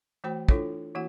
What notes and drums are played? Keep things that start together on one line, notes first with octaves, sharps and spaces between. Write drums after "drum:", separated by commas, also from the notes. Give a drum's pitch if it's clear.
E3 A3 F#4 C5 G5 B5
D4 E4 F4 A4 C#5, drum: kick
E3 A#3 E4 F#4 F#5